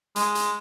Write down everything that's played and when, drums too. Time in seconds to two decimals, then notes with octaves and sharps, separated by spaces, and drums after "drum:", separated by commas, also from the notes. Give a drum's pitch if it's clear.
0.16 G#3, drum: hi-hat
0.35 drum: hi-hat